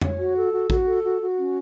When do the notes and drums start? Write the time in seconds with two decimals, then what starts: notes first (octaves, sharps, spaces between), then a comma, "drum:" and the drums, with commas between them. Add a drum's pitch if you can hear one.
0.01 C#5, drum: tom F2
0.19 F#4
0.36 A4
0.52 F#4
0.70 F#4, drum: kick
0.86 A4
1.03 F#4
1.20 F#4
1.38 C#4